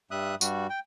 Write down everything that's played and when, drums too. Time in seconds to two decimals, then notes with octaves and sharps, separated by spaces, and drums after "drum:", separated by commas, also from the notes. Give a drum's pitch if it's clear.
0.11 G2 G3 E5 D#6 F#6
0.41 G2 G3 F#4, drum: tambourine
0.70 G5